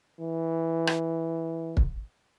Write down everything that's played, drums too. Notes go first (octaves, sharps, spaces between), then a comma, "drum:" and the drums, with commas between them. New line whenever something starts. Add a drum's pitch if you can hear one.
E3
drum: rim click
drum: kick